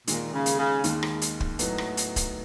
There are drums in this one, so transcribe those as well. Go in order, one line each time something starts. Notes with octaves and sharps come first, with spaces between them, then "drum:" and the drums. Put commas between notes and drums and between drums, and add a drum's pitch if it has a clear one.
D#2 A#2 D#3 G#3, drum: hi-hat
C#3
drum: hi-hat
C#3
D#2 D#3 G#3, drum: hi-hat
drum: rim click
drum: hi-hat
drum: kick
A2 F#3 B3 D#4, drum: hi-hat
drum: rim click
drum: hi-hat
drum: kick, hi-hat